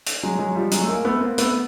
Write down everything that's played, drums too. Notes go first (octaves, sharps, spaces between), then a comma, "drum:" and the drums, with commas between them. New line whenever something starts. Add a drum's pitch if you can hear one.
drum: hi-hat
F#3 G#3
F#3 G#3
F3 G3
F#3 G#3, drum: hi-hat
A3
G#3 A#3
A3 B3
A#3 C4
A3 B3, drum: hi-hat